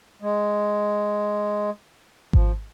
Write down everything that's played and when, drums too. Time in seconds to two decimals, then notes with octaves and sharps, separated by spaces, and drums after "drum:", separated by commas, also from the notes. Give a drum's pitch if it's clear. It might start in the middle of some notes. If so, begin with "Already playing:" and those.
0.22 G#3
2.33 F3, drum: kick G#1